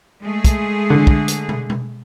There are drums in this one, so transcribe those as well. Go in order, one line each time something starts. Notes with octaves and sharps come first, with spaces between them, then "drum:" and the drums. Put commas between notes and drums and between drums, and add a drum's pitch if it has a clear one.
G#3 A3 G#4
drum: kick, hi-hat
D3
drum: kick
drum: hi-hat
drum: tom
drum: tom